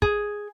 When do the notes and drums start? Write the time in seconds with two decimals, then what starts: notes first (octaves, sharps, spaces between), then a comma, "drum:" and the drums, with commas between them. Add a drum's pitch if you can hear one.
0.02 G#4, drum: kick